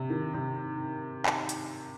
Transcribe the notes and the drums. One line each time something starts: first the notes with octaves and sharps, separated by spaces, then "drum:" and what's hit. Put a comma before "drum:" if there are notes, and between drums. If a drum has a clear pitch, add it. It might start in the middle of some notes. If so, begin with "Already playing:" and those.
Already playing: C3
D#3
C3
drum: clap
drum: hi-hat